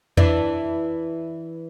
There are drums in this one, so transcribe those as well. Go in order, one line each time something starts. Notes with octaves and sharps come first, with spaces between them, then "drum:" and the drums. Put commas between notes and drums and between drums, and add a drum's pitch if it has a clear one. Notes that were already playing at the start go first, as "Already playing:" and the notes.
E3 D4, drum: tom E2